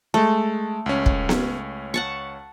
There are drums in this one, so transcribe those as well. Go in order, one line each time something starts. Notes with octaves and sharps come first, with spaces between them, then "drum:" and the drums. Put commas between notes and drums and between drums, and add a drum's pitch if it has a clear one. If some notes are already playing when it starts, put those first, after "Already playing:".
G#3 A3 A5
C#2 C#4
drum: kick
drum: snare B3
F#5 A5 C#6